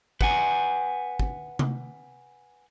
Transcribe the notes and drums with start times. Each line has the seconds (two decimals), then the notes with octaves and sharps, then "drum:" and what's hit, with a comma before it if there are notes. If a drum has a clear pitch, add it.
0.21 B4 F#5 G#5, drum: kick
1.19 drum: kick
1.59 drum: tom C3